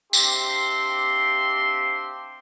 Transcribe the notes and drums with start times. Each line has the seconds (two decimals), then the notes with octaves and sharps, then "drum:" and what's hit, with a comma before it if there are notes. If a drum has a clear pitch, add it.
0.13 C4 D4 G4 E5 F5 C6, drum: tambourine